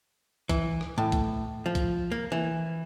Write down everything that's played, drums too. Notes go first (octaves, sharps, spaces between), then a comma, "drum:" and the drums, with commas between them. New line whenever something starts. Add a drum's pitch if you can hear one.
E3, drum: kick B1, hi-hat
drum: rim click
A2
drum: kick B1, hi-hat
F3
drum: kick B1, hi-hat
A#3
E3